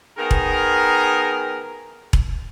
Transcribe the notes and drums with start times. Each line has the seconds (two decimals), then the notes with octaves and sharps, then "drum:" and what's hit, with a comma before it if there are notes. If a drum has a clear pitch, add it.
0.17 D#3 B3 G#4 A#4
0.31 drum: kick E1
2.13 drum: kick E1